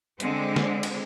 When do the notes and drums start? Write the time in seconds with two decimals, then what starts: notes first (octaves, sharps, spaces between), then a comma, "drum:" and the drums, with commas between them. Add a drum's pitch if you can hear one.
0.20 D3 G#3 C4, drum: hi-hat
0.56 drum: snare
0.83 drum: cymbal